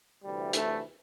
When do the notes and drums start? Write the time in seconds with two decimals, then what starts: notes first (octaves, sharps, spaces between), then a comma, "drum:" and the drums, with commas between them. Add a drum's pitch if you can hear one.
0.24 D2 C3 E3 G3
0.53 A3, drum: hi-hat